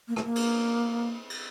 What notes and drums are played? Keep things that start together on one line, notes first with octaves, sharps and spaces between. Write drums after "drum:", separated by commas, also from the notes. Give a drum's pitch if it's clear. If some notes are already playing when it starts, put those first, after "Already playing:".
A#3
A3, drum: rim click
A#3
drum: cymbal
drum: cymbal